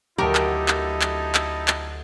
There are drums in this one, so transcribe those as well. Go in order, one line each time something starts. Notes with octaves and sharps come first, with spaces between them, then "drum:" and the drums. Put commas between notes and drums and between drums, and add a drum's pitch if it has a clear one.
D2 F#3 D#4 E4 G4 A4 A#4
drum: clap
drum: clap
drum: clap
drum: clap
drum: clap